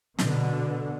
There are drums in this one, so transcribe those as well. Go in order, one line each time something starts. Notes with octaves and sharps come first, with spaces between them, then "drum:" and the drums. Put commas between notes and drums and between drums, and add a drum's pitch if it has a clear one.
B2 D3, drum: snare